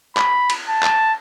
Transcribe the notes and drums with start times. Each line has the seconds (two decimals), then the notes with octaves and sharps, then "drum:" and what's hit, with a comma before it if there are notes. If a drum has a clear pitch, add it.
0.17 B5, drum: clap
0.50 drum: cymbal
0.69 A5
0.83 drum: clap